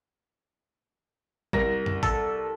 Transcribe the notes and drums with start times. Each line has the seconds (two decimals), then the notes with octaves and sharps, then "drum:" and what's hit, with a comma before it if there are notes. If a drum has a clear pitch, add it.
1.53 C2 A#4 A#6, drum: kick G#1
1.86 drum: tom F#2
2.03 A4, drum: kick G#1